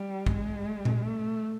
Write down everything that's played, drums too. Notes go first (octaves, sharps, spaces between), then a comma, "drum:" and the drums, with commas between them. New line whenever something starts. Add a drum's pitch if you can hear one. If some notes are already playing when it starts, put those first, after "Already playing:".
Already playing: G3
G#3, drum: kick
drum: tom A#2
A3